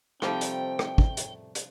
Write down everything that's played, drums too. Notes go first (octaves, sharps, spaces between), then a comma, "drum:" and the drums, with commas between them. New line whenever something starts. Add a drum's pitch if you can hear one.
C3 F3 G3 A3 C4 D#4 G4 G5, drum: rim click
drum: hi-hat
drum: rim click
drum: kick
drum: hi-hat
drum: hi-hat